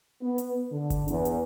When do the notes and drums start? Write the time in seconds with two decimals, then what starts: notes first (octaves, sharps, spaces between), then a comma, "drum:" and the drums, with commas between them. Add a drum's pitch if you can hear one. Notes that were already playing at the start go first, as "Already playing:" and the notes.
0.21 B3
0.38 drum: hi-hat
0.70 D3
0.90 drum: kick G1, hi-hat
1.08 E2, drum: hi-hat
1.25 drum: hi-hat